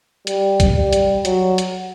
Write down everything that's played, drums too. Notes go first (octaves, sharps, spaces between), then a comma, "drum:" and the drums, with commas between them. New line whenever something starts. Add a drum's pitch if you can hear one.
G3, drum: hi-hat
drum: kick B1, hi-hat
G3
drum: hi-hat
F#3, drum: hi-hat
drum: hi-hat